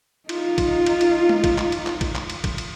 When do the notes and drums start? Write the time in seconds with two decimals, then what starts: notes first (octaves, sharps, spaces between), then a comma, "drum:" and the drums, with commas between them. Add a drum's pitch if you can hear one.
0.29 D#4 F4, drum: cymbal
0.58 drum: kick, cymbal
0.86 drum: cymbal
1.01 drum: cymbal
1.29 drum: tom G#3
1.44 drum: kick, cymbal
1.58 drum: clap
1.72 drum: cymbal
1.87 drum: clap
2.01 drum: kick, cymbal
2.15 drum: clap
2.30 drum: cymbal
2.44 drum: kick, cymbal
2.58 drum: cymbal